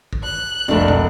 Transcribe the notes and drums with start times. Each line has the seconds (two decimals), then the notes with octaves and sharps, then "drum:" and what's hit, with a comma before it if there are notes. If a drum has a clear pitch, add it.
0.13 drum: kick
0.23 F#6
0.68 F1 C2 A3 D4
0.88 drum: tom